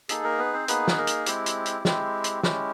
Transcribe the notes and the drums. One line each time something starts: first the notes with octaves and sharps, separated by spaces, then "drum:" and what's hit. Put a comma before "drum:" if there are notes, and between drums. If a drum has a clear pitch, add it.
A#3 D#4 G#4 A4, drum: hi-hat
A#3 A#4
B3 B4
C4 C5
A#3 B3 D#4 G#4 B4, drum: hi-hat
drum: snare
A#3 A#4
drum: hi-hat
G#3 C4 E4 G4, drum: hi-hat
drum: hi-hat
drum: hi-hat
G#3 C4 E4 G4, drum: snare
drum: hi-hat
G#3 C#4 E4 G4, drum: snare